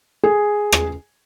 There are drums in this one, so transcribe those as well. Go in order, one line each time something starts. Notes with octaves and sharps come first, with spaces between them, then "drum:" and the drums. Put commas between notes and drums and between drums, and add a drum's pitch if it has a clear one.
G#4
drum: rim click